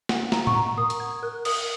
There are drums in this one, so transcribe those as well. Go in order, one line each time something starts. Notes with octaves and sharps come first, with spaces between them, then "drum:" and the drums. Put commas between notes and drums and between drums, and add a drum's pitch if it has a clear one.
F#5, drum: snare
F#5 A#5, drum: snare
C#6, drum: tom A2
F#5 A#5
A#4 D#6
drum: hi-hat
F#5 G#6
A#4 F#6
A#4 D#6, drum: cymbal